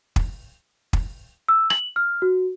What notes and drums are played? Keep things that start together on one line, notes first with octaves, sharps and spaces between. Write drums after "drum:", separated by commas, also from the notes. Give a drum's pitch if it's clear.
drum: kick
drum: kick
E6
F#7, drum: rim click
F6
F#4